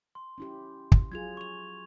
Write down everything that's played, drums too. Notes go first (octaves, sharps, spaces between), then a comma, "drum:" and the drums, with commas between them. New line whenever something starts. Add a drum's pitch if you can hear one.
C6
C#4 E4 G4
drum: kick
F#3 F4 G#4 G#6 F7
C#6 F7